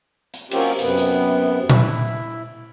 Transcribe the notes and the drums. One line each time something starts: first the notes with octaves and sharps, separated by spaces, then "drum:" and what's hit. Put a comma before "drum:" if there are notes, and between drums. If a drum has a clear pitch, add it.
drum: hi-hat
F#3 A#3 C4 C#4 F4 G4, drum: cymbal
F#2 C3 B3, drum: hi-hat
drum: hi-hat
E4, drum: tom A#2